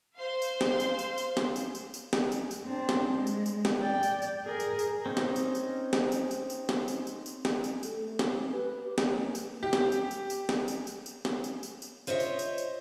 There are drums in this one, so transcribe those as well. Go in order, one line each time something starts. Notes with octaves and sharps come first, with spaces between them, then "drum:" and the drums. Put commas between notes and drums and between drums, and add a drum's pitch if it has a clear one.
C5 F5 C6
drum: tambourine
drum: snare
drum: tambourine
drum: tambourine
drum: tambourine
drum: snare
drum: tambourine
drum: tambourine
drum: tambourine
drum: snare
drum: tambourine
drum: tambourine
C4 D4
drum: snare
G#3
drum: tambourine
drum: tambourine
drum: snare
D5 G5
drum: tambourine
drum: tambourine
G#4 A#4
drum: tambourine
drum: tambourine
C4 C#4 D#4
drum: snare
drum: tambourine
drum: tambourine
drum: snare
drum: tambourine
drum: tambourine
drum: tambourine
drum: snare
drum: tambourine
drum: tambourine
drum: tambourine
drum: snare
drum: tambourine
A4, drum: tambourine
A3
C4, drum: snare
G4
B4
G4
C#5, drum: snare
A#3
drum: tambourine
G4
drum: snare
drum: tambourine
drum: tambourine
drum: tambourine
drum: snare
drum: tambourine
drum: tambourine
drum: tambourine
drum: snare
drum: tambourine
drum: tambourine
drum: tambourine
F4 C5 C#5 D#5 E5
drum: tambourine
drum: tambourine
drum: tambourine